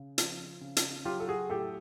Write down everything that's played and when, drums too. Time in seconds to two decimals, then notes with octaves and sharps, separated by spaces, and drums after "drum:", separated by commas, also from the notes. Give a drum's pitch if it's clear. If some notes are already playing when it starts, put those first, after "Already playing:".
Already playing: C#3
0.18 F3, drum: hi-hat
0.61 C#3
0.77 drum: hi-hat
1.05 F#3 F4 G4
1.20 A4
1.28 F#4 G#4
1.50 A2 G4 A4